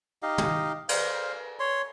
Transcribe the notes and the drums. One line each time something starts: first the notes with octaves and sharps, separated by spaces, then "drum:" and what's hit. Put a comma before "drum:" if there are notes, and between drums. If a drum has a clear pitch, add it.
D#4 G4 D#5 F5
drum: tom
C5 F5, drum: cymbal
C#5 C6